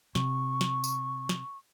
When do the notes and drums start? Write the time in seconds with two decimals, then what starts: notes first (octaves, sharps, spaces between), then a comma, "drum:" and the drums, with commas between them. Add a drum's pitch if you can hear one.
0.15 C3 C#6, drum: snare
0.61 drum: snare
0.84 drum: tambourine
1.29 drum: snare